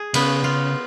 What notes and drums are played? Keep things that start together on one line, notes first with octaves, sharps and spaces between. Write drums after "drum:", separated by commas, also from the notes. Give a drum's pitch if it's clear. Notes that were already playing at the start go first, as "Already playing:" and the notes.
Already playing: G#4
C#3 B3, drum: cymbal
C#3 F4